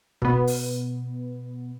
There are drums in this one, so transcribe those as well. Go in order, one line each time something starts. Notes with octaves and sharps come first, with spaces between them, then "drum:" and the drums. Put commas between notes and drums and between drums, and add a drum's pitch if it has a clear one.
B2 B3, drum: kick
drum: open hi-hat